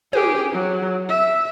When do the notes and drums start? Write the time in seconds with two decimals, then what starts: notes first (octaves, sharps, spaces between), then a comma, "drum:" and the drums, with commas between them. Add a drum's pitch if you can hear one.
0.13 G4 G#4, drum: tom
0.52 F#3
1.09 E5